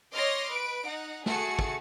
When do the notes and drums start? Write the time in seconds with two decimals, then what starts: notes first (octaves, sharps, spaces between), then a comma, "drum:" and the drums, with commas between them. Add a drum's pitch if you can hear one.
0.12 C#5 D#5 C6 D6 F6 A#6
0.50 B4 D7
0.85 D#4 F#5
1.26 A3 F#4 G#4 A5 C#7, drum: snare
1.59 drum: kick